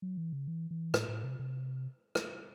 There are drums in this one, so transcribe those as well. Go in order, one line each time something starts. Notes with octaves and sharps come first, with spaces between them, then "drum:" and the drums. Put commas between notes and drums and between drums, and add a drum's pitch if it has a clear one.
F#3
E3
C#3
E3
E3
A2, drum: rim click
A2
C3
C3
drum: rim click